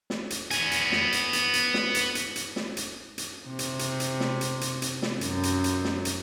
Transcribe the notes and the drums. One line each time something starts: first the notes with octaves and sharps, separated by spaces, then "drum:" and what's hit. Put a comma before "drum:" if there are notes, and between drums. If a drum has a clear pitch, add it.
drum: snare
drum: hi-hat
B3 G#5, drum: hi-hat
drum: hi-hat
drum: snare
drum: hi-hat
drum: hi-hat
drum: hi-hat
drum: snare
drum: hi-hat
drum: hi-hat
drum: hi-hat
drum: snare
drum: hi-hat
drum: hi-hat
C3
drum: hi-hat
drum: hi-hat
drum: hi-hat
drum: snare
drum: hi-hat
drum: hi-hat
drum: hi-hat
drum: snare
F#2, drum: hi-hat
drum: hi-hat
drum: hi-hat
drum: snare
drum: hi-hat